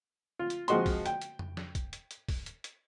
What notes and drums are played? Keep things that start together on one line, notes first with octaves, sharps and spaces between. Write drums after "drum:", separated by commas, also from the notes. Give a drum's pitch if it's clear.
F4
drum: hi-hat
F3 G#3 C4 F#4 D#5 C6, drum: hi-hat
drum: kick, open hi-hat
G5, drum: hi-hat
drum: hi-hat
drum: tom F2
drum: snare
drum: kick, hi-hat
drum: hi-hat
drum: hi-hat
drum: kick, open hi-hat
drum: hi-hat
drum: hi-hat